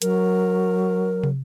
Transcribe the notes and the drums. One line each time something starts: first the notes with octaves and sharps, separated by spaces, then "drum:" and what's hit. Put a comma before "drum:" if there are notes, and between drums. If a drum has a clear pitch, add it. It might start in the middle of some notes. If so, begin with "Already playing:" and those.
F#3 A#4, drum: hi-hat
drum: tom